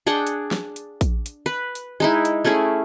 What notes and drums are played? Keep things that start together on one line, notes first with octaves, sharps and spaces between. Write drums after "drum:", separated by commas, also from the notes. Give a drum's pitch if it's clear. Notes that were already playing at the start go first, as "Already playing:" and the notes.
D4 G#4 F#5 G5
drum: hi-hat
drum: snare
drum: hi-hat
drum: kick A#1, hi-hat
drum: hi-hat
B4
drum: hi-hat
G#3 D#4 E4
drum: hi-hat
A3 C#4 E4 G#4